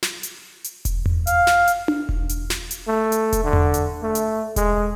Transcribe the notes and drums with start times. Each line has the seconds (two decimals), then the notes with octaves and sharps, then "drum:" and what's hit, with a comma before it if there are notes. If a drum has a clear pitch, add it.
0.03 drum: snare
0.23 drum: hi-hat
0.64 drum: hi-hat
0.85 drum: kick E1, hi-hat
1.06 drum: tom E2
1.27 F5, drum: hi-hat
1.47 drum: snare
1.68 drum: hi-hat
1.88 drum: tom D4
2.09 drum: kick E1
2.29 drum: hi-hat
2.50 drum: snare
2.71 drum: hi-hat
2.88 A3
3.12 drum: hi-hat
3.33 drum: kick E1, hi-hat
3.44 D3
3.53 drum: tom E2
3.74 drum: hi-hat
4.03 A3
4.15 drum: hi-hat
4.56 G#3, drum: kick E1, hi-hat